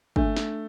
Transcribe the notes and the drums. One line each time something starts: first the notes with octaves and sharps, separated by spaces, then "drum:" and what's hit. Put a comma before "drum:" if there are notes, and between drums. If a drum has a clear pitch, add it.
A3 D4, drum: kick G1
drum: snare